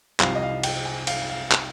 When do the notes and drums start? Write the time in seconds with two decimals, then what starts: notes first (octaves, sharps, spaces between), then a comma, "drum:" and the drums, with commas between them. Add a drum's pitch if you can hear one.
0.20 C2 C3 F3 F5, drum: clap
0.35 D#5
0.42 F5
0.63 G5, drum: cymbal
0.85 G#5
1.07 F5, drum: cymbal
1.29 F5
1.51 drum: clap